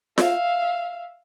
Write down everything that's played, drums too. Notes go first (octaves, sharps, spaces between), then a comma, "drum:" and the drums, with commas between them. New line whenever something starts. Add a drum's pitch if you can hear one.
E5 F5, drum: snare F4